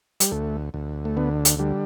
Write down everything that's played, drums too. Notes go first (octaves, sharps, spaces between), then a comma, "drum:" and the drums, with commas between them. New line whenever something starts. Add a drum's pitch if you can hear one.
G3, drum: hi-hat
D2 A3
D2
A3
D3 B3
drum: hi-hat
D3 G3